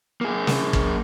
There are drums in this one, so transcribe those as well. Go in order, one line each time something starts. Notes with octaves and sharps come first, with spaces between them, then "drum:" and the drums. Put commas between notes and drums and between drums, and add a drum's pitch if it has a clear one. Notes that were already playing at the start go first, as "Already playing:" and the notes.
A#3 G#4
drum: snare
drum: kick